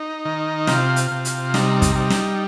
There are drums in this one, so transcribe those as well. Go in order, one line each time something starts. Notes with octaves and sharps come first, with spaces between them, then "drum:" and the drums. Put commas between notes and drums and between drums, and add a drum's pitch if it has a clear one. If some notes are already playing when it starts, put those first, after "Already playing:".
Already playing: D#4
D#3
C3 F4, drum: snare
drum: hi-hat
C3
drum: hi-hat
G3 D#4, drum: snare
drum: kick, hi-hat
G3
drum: snare